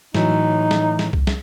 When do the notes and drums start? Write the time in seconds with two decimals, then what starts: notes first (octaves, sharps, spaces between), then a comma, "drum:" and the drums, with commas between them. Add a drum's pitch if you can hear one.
0.14 A2 E3 F#3 D#4, drum: snare
0.71 drum: snare
0.99 drum: snare
1.13 drum: kick C2
1.27 drum: snare